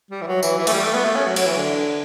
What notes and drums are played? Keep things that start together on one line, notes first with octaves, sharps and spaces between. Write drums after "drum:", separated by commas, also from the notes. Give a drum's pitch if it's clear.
G3
E3
F#3
E3, drum: tambourine
E3
A3, drum: cymbal
G3
A3
B3
A3
C#4
F#3
F#3, drum: cymbal
E3
D3